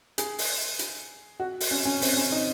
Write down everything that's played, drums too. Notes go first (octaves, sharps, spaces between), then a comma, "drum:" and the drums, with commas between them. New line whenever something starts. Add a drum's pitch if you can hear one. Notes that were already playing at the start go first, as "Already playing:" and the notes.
G#4, drum: hi-hat
drum: open hi-hat
drum: hi-hat
F#4
drum: open hi-hat
C#4
C#4
C4, drum: open hi-hat
C#4
D#4